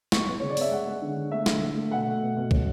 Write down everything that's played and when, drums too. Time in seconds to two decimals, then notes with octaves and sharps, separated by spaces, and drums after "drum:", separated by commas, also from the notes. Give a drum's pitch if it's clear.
0.12 B3 C#6, drum: snare
0.27 B3
0.39 C#3 C#5
0.50 D5
0.57 B3 E5, drum: open hi-hat
0.71 G#3 F#5
0.87 G#3
1.02 D3
1.16 D3
1.32 A3 E5
1.46 D3, drum: snare
1.62 A3
1.77 A3
1.91 B2 F#5
2.06 A3
2.22 B2
2.36 B2
2.51 C#4, drum: kick